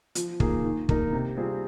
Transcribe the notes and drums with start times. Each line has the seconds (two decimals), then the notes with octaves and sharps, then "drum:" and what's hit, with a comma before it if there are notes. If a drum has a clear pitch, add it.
0.15 F3, drum: hi-hat
0.40 A#3 D#4 G#4, drum: kick
0.64 D#3
0.89 A#3 D#4 A#4, drum: kick
1.13 C3
1.37 G3 C4 F4 G#4